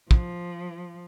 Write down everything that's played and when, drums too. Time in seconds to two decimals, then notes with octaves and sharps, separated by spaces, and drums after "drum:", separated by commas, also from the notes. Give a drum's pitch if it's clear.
0.11 F3, drum: kick